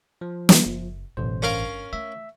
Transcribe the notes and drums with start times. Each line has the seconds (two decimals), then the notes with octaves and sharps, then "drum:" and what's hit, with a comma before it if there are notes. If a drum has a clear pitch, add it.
0.21 F3
0.49 drum: snare
0.66 F#1
1.17 A1 F#2 B2 C5
1.42 G1 C#4 A#4 F5
1.93 A3 E5